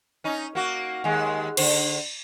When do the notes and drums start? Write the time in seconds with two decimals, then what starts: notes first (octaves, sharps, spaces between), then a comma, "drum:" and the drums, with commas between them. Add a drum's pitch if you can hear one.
0.24 C#4 D#4
0.55 A#3 F#4
1.04 D#2 G#3
1.57 D3 C5, drum: cymbal